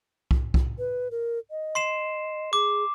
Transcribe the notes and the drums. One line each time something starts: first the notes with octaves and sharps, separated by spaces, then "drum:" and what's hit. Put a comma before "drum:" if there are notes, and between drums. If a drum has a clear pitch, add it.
drum: kick C2
drum: kick C2
B4
A#4
D#5
C6 C7 E7
G#4 D6